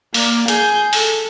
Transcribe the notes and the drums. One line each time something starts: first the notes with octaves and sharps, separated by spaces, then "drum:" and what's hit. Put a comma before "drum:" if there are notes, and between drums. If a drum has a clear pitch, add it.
A#3 D5, drum: open hi-hat
G#4 G6, drum: hi-hat
A4, drum: open hi-hat